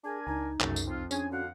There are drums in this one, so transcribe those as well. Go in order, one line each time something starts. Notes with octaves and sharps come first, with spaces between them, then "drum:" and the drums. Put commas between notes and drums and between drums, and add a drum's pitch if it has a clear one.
D4 G#4 A#4 G#5
C#2 D#4 A#5
F#1 C2 F#2 F#3 A3 G#4, drum: clap
drum: tambourine
F2 C4 F4
C#4 D4 G#4 G#5, drum: tambourine
D3 F#4 F5 F#5